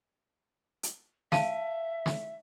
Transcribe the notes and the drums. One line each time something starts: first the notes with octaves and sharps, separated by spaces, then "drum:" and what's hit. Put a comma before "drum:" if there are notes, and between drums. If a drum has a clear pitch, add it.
drum: hi-hat
E5 F5 G#5 A5, drum: snare
drum: snare